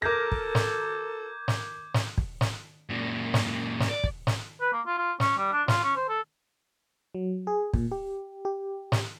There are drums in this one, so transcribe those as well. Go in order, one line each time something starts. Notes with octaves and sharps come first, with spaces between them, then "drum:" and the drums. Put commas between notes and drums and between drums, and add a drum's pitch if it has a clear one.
A4 A#4 D6 G6 G#6 A#6
drum: kick
drum: snare
drum: snare
drum: snare
drum: kick
drum: snare
F#2 A#2
drum: snare
drum: snare
D5
drum: kick
drum: snare
B4
A#3
F4
F4
C#4, drum: snare
G3
D4
F4, drum: snare
C#4
C5
A4
F#3
G#4
A#2, drum: kick
G4
G4
drum: snare